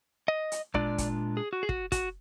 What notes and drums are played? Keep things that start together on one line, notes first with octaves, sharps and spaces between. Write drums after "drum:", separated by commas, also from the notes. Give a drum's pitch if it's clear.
D#5
drum: hi-hat
A#2 G#3 D4 F4 D5, drum: kick
drum: kick, hi-hat
G#4
F#4
G#4
F#4, drum: kick
F#4, drum: kick, hi-hat